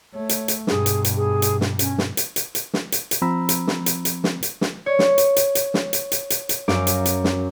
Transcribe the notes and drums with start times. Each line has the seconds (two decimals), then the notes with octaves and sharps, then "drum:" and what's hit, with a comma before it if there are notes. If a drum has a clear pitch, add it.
0.14 A3 C#5
0.29 drum: hi-hat
0.48 drum: hi-hat
0.67 G2 B2 G#4, drum: snare
0.86 drum: hi-hat
1.05 drum: hi-hat
1.16 G#4
1.42 drum: hi-hat
1.61 drum: snare
1.79 C#4, drum: hi-hat
1.98 drum: snare
2.17 drum: hi-hat
2.36 drum: hi-hat
2.55 drum: hi-hat
2.74 drum: snare
2.92 drum: hi-hat
3.11 drum: hi-hat
3.22 F3 C4 A#5 B5 E6
3.49 drum: hi-hat
3.67 drum: snare
3.86 drum: hi-hat
4.05 drum: hi-hat
4.24 drum: snare
4.43 drum: hi-hat
4.61 drum: snare
4.86 C#5
4.99 drum: snare
5.18 drum: hi-hat
5.36 drum: hi-hat
5.55 drum: hi-hat
5.74 drum: snare
5.93 drum: hi-hat
6.12 drum: hi-hat
6.30 drum: hi-hat
6.49 drum: hi-hat
6.68 F#2 A#4 F5 D6 D7, drum: snare
6.87 drum: hi-hat
7.05 drum: hi-hat
7.24 drum: snare